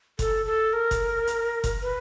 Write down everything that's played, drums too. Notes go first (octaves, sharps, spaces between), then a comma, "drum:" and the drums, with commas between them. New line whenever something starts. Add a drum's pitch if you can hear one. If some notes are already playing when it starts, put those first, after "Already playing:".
A4, drum: kick F#1, hi-hat
A4
A#4
drum: kick F#1, hi-hat
drum: hi-hat
drum: kick F#1, hi-hat
B4